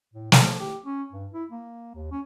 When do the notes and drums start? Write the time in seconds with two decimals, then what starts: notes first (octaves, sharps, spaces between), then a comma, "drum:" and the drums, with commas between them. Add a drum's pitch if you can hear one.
0.13 A2
0.32 F3, drum: snare
0.60 G4
0.86 C#4
1.12 G2
1.34 E4
1.51 A#3
1.95 D#2
2.12 C#4